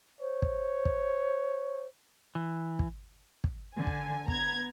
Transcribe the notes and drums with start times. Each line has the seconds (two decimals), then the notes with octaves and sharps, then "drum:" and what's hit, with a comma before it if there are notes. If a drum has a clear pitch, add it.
0.21 C5 C#5
0.42 drum: kick
0.85 drum: kick
2.35 E3
2.79 drum: kick
3.44 drum: kick
3.76 D3 G#5
3.87 drum: kick
4.28 B3 A#5 G#6, drum: kick